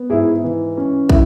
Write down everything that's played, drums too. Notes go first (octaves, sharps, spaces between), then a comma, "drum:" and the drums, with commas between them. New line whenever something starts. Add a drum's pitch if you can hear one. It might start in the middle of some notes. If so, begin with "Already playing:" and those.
Already playing: B3
G#2 E4 G#4
E3
C#4
E4, drum: kick